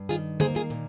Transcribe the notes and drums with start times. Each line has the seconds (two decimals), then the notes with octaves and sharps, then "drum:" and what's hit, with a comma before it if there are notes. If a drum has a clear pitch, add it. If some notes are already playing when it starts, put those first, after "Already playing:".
Already playing: G2
0.09 D#3 F4 G#4
0.40 A#3 G#4 C5, drum: tom D3
0.55 F4 G#4
0.70 A#2